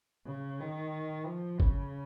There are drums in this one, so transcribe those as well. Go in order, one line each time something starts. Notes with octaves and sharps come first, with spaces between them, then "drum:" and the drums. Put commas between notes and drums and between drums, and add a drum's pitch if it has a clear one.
C#3
D#3
F3
C#3, drum: kick G1